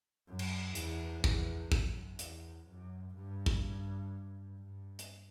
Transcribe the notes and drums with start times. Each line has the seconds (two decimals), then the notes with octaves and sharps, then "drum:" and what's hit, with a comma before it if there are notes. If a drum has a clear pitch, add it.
0.28 F#2
0.39 drum: cymbal
0.75 E2, drum: hi-hat
1.24 E2, drum: kick
1.72 F#2, drum: kick
2.19 E2, drum: hi-hat
2.67 F#2
3.15 G2
3.46 drum: kick
4.57 G2
4.99 drum: hi-hat